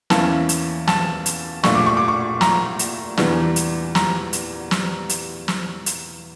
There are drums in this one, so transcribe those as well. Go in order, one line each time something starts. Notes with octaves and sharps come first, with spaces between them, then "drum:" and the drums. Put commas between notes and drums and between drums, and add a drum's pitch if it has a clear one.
E2 E3 A#3 C#4 E4 A5, drum: snare
drum: hi-hat
A5, drum: snare
drum: hi-hat
A#2 A3 D4 C#6, drum: snare
D6
C#6
D6
C#6
A#5, drum: snare
drum: hi-hat
E2 E3 G3 D4, drum: snare
drum: hi-hat
A#5, drum: snare
drum: hi-hat
drum: snare
drum: hi-hat
drum: snare
drum: hi-hat